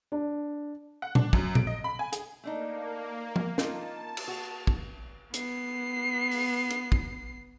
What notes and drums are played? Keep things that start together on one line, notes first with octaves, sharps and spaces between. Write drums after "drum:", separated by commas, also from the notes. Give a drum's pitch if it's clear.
D4
F#5
D4, drum: tom A#2
F#2, drum: kick
D7, drum: tom A#2
D#5
B5
G#5
G#4, drum: hi-hat
A3 A#3 D4 D#4
drum: tom
D#4 F4 A5, drum: snare
drum: cymbal
F#4
drum: kick
B3 C7, drum: hi-hat
drum: open hi-hat
drum: hi-hat
drum: kick